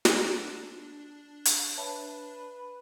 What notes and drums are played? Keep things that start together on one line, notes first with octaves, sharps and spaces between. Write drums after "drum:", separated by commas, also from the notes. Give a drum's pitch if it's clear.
D4, drum: snare
drum: hi-hat
B4 C#5 E5 A5